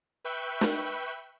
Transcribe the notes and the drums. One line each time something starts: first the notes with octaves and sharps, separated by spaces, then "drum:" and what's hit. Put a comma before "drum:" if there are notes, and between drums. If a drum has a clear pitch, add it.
B4 E5 G5 C#6 F#6 G6
drum: snare